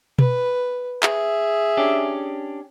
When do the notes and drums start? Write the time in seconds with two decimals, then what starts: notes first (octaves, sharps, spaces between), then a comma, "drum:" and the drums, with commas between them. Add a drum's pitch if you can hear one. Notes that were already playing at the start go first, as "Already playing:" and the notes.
0.19 B4, drum: tom B2
1.03 G#4 E5, drum: clap
1.77 C#4 D4 G4